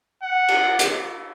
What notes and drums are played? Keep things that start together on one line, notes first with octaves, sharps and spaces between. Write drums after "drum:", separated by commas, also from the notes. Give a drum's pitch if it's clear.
F#5
drum: cymbal
drum: hi-hat